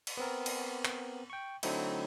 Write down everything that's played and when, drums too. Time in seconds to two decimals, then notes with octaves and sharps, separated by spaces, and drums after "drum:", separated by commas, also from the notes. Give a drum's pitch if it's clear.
0.07 drum: cymbal
0.17 B3 C4 A#4
0.46 drum: cymbal
0.85 drum: clap
1.30 G5 C#6
1.63 D3 F#3 A3 C4 D#4 E4, drum: cymbal